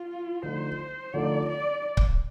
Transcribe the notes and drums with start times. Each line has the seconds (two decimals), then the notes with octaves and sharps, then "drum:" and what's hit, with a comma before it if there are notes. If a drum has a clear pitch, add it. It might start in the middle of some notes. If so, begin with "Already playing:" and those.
Already playing: F4
0.43 D3 F3 A3 D#4 C5
1.14 D3 F3 A3 D#4 D5
1.49 D5
1.97 drum: kick C#1